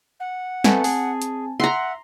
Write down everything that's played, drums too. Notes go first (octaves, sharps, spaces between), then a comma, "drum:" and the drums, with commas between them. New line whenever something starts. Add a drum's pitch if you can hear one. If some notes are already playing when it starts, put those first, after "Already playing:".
F#5
A3 B3 C4 G#5 A5, drum: snare
G#4, drum: open hi-hat
drum: hi-hat
E5 F#5 A#5 C6